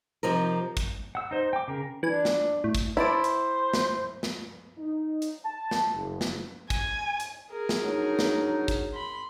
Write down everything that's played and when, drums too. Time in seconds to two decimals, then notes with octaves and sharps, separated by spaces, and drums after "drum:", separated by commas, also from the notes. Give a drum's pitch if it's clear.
0.23 C3 F3 D#4 A#4
0.77 drum: kick, hi-hat
1.15 F#5 E6
1.31 D#4 C5
1.53 G5 D6
1.68 C#3 A#4
2.03 E3 D4 G#5
2.25 drum: snare
2.64 A2
2.75 drum: kick, hi-hat
2.97 E4 B4 C5 A5 D6
3.24 drum: hi-hat
3.74 drum: snare
4.23 drum: snare
4.78 D#4
5.22 drum: hi-hat
5.45 A5
5.71 drum: snare
5.94 F#1
6.21 drum: snare
6.70 G#5, drum: kick, hi-hat
7.20 drum: hi-hat
7.50 G#4 A#4
7.69 drum: snare
7.83 F#3 D4 D#4
8.19 drum: snare
8.68 drum: kick, hi-hat
8.93 B5 C6